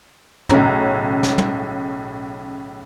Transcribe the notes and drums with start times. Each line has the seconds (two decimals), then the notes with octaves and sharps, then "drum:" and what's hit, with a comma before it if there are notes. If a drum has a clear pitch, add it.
0.49 B1 A2 C#3 C#4 A#5, drum: tom
1.23 drum: snare
1.38 drum: tom